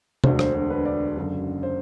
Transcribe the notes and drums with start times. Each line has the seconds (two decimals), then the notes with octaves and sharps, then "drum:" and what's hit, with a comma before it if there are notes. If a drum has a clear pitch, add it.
0.24 E1 D2 D3 C5, drum: tom C3
0.39 C5, drum: rim click
0.55 C5
0.70 B4
0.85 D5
1.17 F#1 F#2 D3
1.63 C5